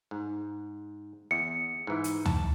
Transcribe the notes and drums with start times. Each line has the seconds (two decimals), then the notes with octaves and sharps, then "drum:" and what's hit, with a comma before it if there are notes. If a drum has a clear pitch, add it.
0.11 G#2
1.31 E2 C#7
1.87 G#2 E3
2.04 drum: hi-hat
2.25 A5, drum: tom